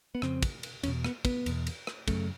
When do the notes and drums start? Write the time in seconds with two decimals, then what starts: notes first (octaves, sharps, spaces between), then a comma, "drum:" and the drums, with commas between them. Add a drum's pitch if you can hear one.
0.15 B3
0.22 F2 C#3 C4, drum: rim click
0.43 drum: kick, cymbal
0.63 drum: cymbal
0.83 E2 B2 C#4, drum: cymbal
1.04 B3, drum: rim click
1.25 B3, drum: kick, cymbal
1.46 E2 B2, drum: cymbal
1.67 drum: cymbal
1.87 drum: rim click
2.08 F#2 C#3 A3, drum: kick, cymbal